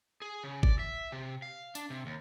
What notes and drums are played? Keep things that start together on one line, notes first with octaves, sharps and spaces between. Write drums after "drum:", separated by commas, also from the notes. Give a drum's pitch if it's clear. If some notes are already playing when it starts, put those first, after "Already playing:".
G#4
C#3
D5, drum: kick G1
E5
C3
F5
D4, drum: tambourine
C3
D#2